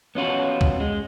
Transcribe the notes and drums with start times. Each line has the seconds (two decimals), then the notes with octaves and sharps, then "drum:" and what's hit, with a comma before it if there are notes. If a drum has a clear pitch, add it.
0.15 B3 C#4 F4 F#4
0.61 drum: kick B1
0.80 G#3